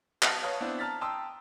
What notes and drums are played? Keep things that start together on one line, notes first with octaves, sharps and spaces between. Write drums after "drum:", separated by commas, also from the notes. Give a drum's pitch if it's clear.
F5 A5, drum: clap
B4 C#5 F5 A5 D#6
B3 C4 D4 E4
A5 A#5 F6 A6 B6
G5 A5 A#5 C6 D#6 E6